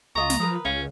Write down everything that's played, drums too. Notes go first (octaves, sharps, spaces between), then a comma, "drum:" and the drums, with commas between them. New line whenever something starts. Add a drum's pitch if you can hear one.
C#2 F4 D#5 A#5 C#6
drum: snare
F3 A#4 B4 D#6
C#2 C#4 F5